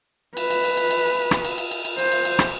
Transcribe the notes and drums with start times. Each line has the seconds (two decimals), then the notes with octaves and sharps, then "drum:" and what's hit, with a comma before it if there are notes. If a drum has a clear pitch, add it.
0.37 B4, drum: cymbal
0.50 drum: cymbal
0.64 drum: cymbal
0.77 drum: cymbal
0.91 drum: cymbal
1.31 drum: rim click
1.45 drum: cymbal
1.58 drum: cymbal
1.71 drum: cymbal
1.85 drum: cymbal
1.99 C5, drum: cymbal
2.12 drum: cymbal
2.25 drum: cymbal
2.39 drum: rim click